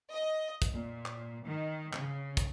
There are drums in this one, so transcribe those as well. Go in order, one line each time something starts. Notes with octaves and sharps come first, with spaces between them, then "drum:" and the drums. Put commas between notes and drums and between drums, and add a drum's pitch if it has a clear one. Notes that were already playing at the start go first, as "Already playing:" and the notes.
D#5
drum: kick, hi-hat
A#2
drum: clap
D#3
C#3, drum: clap
drum: kick, hi-hat